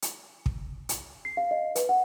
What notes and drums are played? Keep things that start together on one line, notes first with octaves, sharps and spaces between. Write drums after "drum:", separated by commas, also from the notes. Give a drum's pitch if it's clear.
drum: hi-hat
drum: kick
drum: hi-hat
C7
F5
D#5
B4, drum: hi-hat
F#5